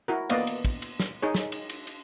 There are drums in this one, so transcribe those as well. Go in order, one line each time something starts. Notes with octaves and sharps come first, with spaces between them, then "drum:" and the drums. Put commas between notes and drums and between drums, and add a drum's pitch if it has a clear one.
E4 F#4 A#4
A#3 B3 D5 D#5 F5, drum: cymbal
drum: cymbal
drum: kick, cymbal
drum: cymbal
drum: snare
D#4 G#4 C#5
drum: snare
drum: cymbal
drum: cymbal
drum: cymbal